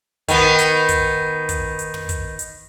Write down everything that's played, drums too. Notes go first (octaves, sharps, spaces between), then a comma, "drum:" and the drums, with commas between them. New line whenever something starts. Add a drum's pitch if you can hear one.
D#3 B3, drum: kick, hi-hat
drum: hi-hat
drum: kick, hi-hat
drum: kick, hi-hat
drum: hi-hat
drum: tom
drum: kick, hi-hat
drum: hi-hat